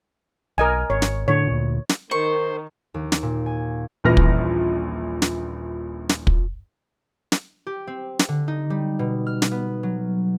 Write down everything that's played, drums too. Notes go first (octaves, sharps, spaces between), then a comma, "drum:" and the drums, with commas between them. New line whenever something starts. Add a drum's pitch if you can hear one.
B1 A#4 D#5 G#5
G#1 C#5
drum: snare
A2 D3 D4 C#5
D2 A#2
drum: snare
D#3 A#4 C5 C#6
D#2
drum: snare
A#2
G#5
D#1 A#1 E3 F6 A#6
drum: kick
drum: snare
drum: snare
drum: kick
drum: snare
G4
C4
drum: snare
D3
D#4
G3
B2
F6
drum: snare
B3
F#3